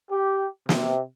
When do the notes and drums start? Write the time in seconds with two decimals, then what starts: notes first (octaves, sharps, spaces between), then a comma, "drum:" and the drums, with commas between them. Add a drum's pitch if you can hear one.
0.11 G4
0.69 C3, drum: snare